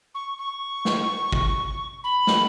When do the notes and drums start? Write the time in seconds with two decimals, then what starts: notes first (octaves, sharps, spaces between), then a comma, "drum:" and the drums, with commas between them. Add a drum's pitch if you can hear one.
0.14 C#6
0.37 C#6
0.85 drum: snare
1.32 drum: kick
2.04 B5
2.27 drum: snare